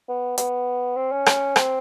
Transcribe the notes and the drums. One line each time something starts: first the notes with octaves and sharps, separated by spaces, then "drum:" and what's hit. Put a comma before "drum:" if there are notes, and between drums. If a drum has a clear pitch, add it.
B3
B3, drum: hi-hat
C4
C#4
drum: rim click
C4, drum: rim click